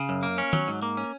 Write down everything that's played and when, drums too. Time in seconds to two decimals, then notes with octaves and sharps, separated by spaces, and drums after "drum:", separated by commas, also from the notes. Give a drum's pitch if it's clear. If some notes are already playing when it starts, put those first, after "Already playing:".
Already playing: C#3
0.09 F#2
0.23 A#3
0.38 C#4
0.53 F#3, drum: tom D#3
0.68 G#2
0.82 A#3
0.97 C#4